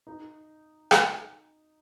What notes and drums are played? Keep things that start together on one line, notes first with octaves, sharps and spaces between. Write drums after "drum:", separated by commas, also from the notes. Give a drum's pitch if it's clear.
D#4
drum: rim click